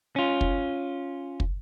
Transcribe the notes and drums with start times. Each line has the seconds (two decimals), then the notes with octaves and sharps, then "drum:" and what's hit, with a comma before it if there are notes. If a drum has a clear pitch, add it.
0.16 C#4 F4
0.41 drum: kick
1.40 drum: kick